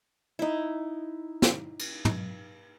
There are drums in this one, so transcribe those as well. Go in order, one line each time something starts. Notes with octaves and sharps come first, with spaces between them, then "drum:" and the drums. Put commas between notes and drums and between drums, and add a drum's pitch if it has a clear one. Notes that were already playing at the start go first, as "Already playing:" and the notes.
D#4 E4
drum: snare
drum: cymbal
drum: tom